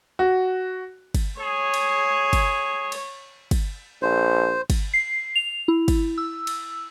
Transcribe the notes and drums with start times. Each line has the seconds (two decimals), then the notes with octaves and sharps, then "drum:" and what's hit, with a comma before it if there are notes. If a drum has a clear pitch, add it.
0.19 F#4
1.14 drum: kick, cymbal
1.41 G#4 C#5
1.74 drum: cymbal
2.33 drum: kick, cymbal
2.92 drum: cymbal
3.51 drum: kick, cymbal
4.02 A#1 C5
4.70 drum: kick, cymbal
4.94 C7
5.36 F7
5.68 E4
5.88 drum: kick, cymbal
6.18 E6
6.47 drum: cymbal